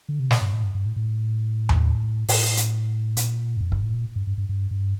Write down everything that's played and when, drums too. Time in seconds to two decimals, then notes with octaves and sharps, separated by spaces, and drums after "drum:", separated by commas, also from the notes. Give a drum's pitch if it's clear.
0.09 D3
0.20 C3
0.31 A#2, drum: snare
0.41 G2
0.53 A2
0.64 G2
0.75 G2
0.86 A2
0.96 A2
1.69 drum: tom D#2
2.28 A2, drum: open hi-hat
2.57 drum: hi-hat
3.17 A#2, drum: hi-hat
3.57 G2
3.61 F2
3.72 G2, drum: kick
3.83 A2
3.94 A#2
4.16 G2
4.27 G2
4.38 G2
4.49 G2
4.71 G2